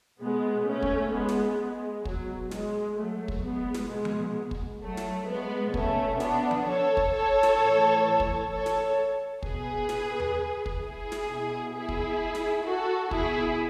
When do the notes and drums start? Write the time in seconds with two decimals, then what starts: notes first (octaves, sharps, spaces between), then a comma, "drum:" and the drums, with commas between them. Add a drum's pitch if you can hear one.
0.21 B2 G#3 B3
0.67 A3 C#4
0.82 drum: kick
1.13 G#3 B3
1.29 drum: snare
1.60 G#3
2.05 B2 F#3, drum: kick
2.51 G#3, drum: snare
2.98 F#3 A3
3.28 drum: kick
3.43 G#3 B3
3.74 drum: snare
3.89 B2 G#3
4.05 drum: tom F3
4.51 drum: kick
4.82 F#3 A3
4.97 drum: snare
5.28 G#3 B3
5.74 B2 A3 C#4, drum: kick
6.20 B3 D4, drum: snare
6.51 drum: tom F3
6.66 A4 C#5
6.97 drum: kick
7.12 A4 C#5
7.43 drum: snare
7.58 A2 E3
8.20 drum: kick
8.50 A4 C#5
8.66 drum: snare
9.43 B2 G#4 B4, drum: kick
9.89 drum: snare
10.20 drum: tom D#2
10.66 drum: kick
10.81 E4 G#4
11.12 drum: snare
11.27 B2
11.73 E4 G#4
11.89 drum: kick
12.35 drum: snare
12.65 F#4 A4
13.11 B2 E4 G#4, drum: kick